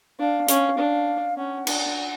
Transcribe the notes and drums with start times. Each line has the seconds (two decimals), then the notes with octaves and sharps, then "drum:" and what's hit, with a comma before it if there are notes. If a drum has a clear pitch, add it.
0.20 D4 F5
0.48 C#4, drum: hi-hat
0.78 D4
1.37 C#4 F#5
1.67 D4, drum: cymbal